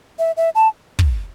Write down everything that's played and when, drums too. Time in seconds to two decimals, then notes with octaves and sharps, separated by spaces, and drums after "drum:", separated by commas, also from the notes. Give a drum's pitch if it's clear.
0.19 E5
0.37 E5
0.55 A5
0.99 drum: kick